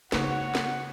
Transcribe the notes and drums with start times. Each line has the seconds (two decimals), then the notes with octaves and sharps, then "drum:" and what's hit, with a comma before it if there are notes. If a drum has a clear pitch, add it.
0.12 G#2 C#3 A#3 B3 F#4 C#5 F#5, drum: snare
0.55 drum: snare